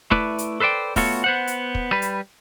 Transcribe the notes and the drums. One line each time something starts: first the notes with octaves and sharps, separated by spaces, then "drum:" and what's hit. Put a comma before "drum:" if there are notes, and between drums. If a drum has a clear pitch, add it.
A3 E4 B4 D5, drum: kick
drum: hi-hat
A4 B4 C5 D5 G5
A3 B3 F4 F#4 A4 C#5, drum: kick, open hi-hat
B3 C5 F#5
drum: hi-hat
drum: kick
G3 B4
drum: hi-hat